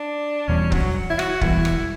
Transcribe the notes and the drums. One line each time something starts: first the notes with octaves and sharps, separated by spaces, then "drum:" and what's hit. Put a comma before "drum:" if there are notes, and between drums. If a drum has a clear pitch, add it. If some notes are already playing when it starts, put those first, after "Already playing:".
Already playing: D4
E1 E2 B2 G3 C#4
F#3, drum: kick C#1
E4
F#4, drum: rim click
E1 E2 B2 G3 E4, drum: kick C#1
drum: rim click